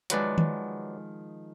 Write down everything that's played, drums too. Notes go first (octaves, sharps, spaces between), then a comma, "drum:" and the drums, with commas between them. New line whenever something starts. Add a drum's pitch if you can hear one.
D#3 F3 F#3 G#3 B4 D5, drum: hi-hat
drum: tom D#3